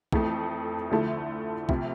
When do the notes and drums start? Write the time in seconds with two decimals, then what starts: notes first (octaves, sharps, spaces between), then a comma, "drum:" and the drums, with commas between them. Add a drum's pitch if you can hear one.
0.12 F2 E3 A3, drum: kick
0.91 D2 D3 F3 A3 E4
1.69 D2 C3 F3, drum: kick